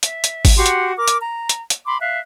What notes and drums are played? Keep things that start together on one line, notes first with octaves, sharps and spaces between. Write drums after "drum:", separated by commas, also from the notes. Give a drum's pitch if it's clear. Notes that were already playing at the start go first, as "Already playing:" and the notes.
E5, drum: hi-hat
drum: hi-hat
drum: kick G#1, open hi-hat
F#4 G4 F#5 C6
drum: hi-hat
A#4 D6
drum: hi-hat
A#5
drum: hi-hat
drum: hi-hat
B5 C6 D6
E5 F5 F#6